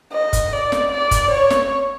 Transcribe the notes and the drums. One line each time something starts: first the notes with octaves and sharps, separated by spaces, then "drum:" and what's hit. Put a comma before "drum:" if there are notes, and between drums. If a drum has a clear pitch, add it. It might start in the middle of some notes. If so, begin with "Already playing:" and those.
D#5
drum: kick, hi-hat
D5
drum: snare
D5
drum: kick, hi-hat
C#5
drum: snare